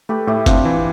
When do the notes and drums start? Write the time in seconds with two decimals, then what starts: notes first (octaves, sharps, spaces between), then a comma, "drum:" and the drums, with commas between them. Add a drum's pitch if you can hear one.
0.09 A3 G4 B4
0.27 A2 E4 G4
0.46 C4 D4 F4, drum: kick F#1, hi-hat
0.65 E3